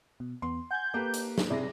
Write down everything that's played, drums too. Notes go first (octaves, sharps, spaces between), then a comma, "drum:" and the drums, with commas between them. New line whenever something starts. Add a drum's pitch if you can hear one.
B2
E2 B3 C6
F#5 G#5 G6 G#6
A#3 G4 A4 B4
drum: hi-hat
drum: snare
C3 E4 G#4 D5 A#6